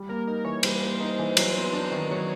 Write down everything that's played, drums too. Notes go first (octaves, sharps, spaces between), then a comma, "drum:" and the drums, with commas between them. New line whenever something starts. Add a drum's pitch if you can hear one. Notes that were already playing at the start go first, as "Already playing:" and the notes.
Already playing: G3
A#3 A#4
D#4 A#4
E3 C#5
G3 C5, drum: cymbal
A#3
D#4
E3
F#3, drum: cymbal
B3
D4
D#3
F#3 C#5